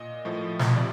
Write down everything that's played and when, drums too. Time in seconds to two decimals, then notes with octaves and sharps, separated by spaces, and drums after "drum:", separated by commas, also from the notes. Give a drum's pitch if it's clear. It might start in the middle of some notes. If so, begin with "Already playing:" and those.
Already playing: A#2 D#5
0.25 A2 F3 A3
0.59 drum: snare
0.76 C3 F3 D5